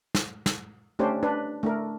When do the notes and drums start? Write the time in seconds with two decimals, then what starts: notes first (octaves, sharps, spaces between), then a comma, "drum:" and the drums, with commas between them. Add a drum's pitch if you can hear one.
0.15 drum: snare
0.46 drum: snare
0.99 A3 C#4 D4 G4 C5
1.23 D4 B4
1.63 A3 D4 A#4